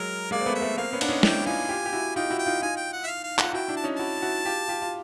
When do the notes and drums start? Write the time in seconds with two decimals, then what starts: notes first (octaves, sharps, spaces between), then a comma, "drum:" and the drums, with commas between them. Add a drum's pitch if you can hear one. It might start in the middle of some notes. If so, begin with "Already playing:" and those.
Already playing: F#3 G#3 A#4
0.31 G#3 A#3 D5
0.41 C4
0.46 A3 B3
0.55 E5
0.62 A3 B3
0.77 A#3 C4 F5
0.93 B3 C#4
1.01 D4 F#5, drum: cymbal
1.08 C#4 D#4
1.23 D4 E4 G5, drum: snare
1.46 D#4 F4 G#5
1.69 F4 G4
1.86 G4
1.93 E4 F#4
2.16 D#4 F4 G5
2.30 E4 F#4
2.39 G5
2.46 D#4 F4
2.61 D#4 F4 G#5
2.77 G5
2.92 F#5
3.04 E5
3.07 F5
3.24 F5
3.38 F4 F#5, drum: clap
3.53 E4 F#4 G5
3.68 D4 E4
3.77 A5
3.84 C#4 D#4
3.97 E4 F#4 A5
4.22 E4 F#4
4.45 F4 G4
4.68 F4 G4
4.82 F4